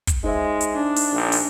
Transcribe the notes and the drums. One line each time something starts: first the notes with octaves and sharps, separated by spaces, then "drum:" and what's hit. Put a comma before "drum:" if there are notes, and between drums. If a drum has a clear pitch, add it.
drum: kick, hi-hat
G#3 D#4 C5 E5
drum: hi-hat
D4
drum: open hi-hat
A#1
drum: open hi-hat